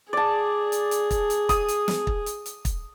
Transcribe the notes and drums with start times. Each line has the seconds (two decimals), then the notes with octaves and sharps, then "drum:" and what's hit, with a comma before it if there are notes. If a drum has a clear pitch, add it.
0.13 G#4 D5 A5
0.72 drum: hi-hat
0.91 drum: hi-hat
1.11 drum: kick, hi-hat
1.30 drum: hi-hat
1.49 D#6, drum: kick, hi-hat
1.68 drum: hi-hat
1.88 drum: snare
2.07 drum: kick
2.26 drum: hi-hat
2.46 drum: hi-hat
2.65 drum: kick, hi-hat